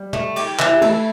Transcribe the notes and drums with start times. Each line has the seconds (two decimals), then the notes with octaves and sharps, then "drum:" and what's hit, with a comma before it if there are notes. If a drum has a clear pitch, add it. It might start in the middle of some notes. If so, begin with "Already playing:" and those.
Already playing: G3
0.13 A3, drum: tom
0.36 G4, drum: cymbal
0.59 E3, drum: clap
0.66 E4
0.73 G4
0.81 A3 E4 A4, drum: cymbal